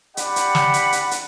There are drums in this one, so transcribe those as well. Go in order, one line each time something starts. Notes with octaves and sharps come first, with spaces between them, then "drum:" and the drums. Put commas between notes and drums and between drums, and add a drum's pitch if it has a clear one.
G4 D5 F#5 B5, drum: hi-hat
drum: hi-hat
drum: snare
drum: hi-hat
drum: hi-hat
drum: hi-hat